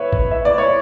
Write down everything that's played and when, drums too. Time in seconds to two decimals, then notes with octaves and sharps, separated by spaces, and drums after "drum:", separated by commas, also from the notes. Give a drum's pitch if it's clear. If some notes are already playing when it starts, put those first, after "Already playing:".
Already playing: B3 B4 C#5 E5
0.13 drum: kick G#1
0.31 E5
0.45 D5
0.58 C#5